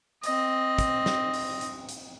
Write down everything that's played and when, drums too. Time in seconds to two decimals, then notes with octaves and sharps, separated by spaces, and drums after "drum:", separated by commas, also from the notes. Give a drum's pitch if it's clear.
0.23 C4 D#5, drum: hi-hat
0.79 drum: kick, hi-hat
1.06 drum: snare
1.34 drum: open hi-hat
1.61 drum: hi-hat
1.89 drum: hi-hat